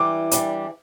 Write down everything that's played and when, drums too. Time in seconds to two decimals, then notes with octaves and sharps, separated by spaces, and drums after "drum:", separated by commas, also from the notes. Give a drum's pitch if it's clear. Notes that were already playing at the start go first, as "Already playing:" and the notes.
Already playing: E3 G3 D4 D6
0.31 E3 G3 D4, drum: hi-hat